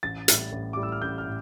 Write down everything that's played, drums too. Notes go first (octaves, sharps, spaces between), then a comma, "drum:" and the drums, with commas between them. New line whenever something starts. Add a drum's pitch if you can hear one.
A1 A6
A2 G3, drum: hi-hat
A1
A2 G3 D6
E6
F6
A1 G6
F6
A2